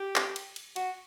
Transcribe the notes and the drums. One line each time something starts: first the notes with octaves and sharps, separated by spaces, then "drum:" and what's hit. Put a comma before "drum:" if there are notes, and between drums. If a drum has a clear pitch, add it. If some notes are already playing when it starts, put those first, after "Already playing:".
Already playing: G4
drum: clap
drum: cymbal
drum: cymbal
F#4, drum: cymbal